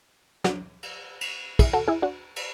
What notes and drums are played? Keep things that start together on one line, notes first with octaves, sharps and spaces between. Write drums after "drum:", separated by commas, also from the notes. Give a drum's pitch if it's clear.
D4 F#4, drum: snare
drum: cymbal
drum: cymbal
E4 G#4, drum: kick, cymbal
F#4 A4
E4 G#4
D4 F#4
drum: cymbal